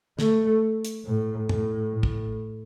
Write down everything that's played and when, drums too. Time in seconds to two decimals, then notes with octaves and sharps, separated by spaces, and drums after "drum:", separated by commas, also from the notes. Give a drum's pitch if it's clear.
0.19 A3, drum: snare
0.85 drum: hi-hat
1.05 A2
1.49 A2, drum: tom
1.93 A2
2.03 drum: kick